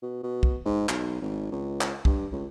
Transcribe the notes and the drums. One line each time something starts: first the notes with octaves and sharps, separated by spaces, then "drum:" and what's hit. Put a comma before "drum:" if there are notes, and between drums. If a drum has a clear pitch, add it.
B2
B2
drum: kick
G#2
B1, drum: clap
G#1
C#2
drum: clap
G2, drum: kick
C#2